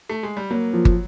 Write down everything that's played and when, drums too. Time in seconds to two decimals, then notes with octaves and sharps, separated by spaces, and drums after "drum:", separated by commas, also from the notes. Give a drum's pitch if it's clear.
0.10 A3
0.23 G#3
0.37 G3
0.51 F#3 A#3
0.73 F3
0.85 drum: kick